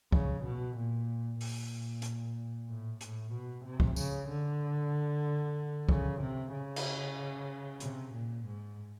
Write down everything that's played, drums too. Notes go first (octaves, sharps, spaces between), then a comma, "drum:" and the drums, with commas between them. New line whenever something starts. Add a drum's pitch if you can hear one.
C#3, drum: kick C2
B2
A#2
A#2, drum: open hi-hat
drum: hi-hat
A2
A2, drum: hi-hat
B2
C3
drum: kick C2
C#3, drum: tambourine
D3
C#3, drum: kick C2
C3
C#3
drum: cymbal
C3, drum: hi-hat
A#2
G#2